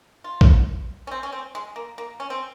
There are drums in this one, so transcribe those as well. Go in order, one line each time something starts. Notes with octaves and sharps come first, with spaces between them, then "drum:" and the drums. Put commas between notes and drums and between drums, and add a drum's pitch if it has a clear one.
F4
drum: kick A1
C#4
C4
C#4
C4
G#3
A#3
A#3
C#4
C4